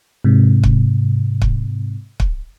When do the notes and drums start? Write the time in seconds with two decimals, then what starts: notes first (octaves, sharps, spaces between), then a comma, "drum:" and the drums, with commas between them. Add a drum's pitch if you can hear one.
0.24 G#2 C3
0.64 drum: kick
1.42 drum: kick
2.20 drum: kick